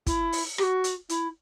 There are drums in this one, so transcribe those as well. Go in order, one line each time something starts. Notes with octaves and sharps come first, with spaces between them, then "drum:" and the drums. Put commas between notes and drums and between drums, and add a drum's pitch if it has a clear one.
E4, drum: kick, hi-hat
drum: open hi-hat
G4, drum: rim click
F#4
drum: hi-hat
E4, drum: hi-hat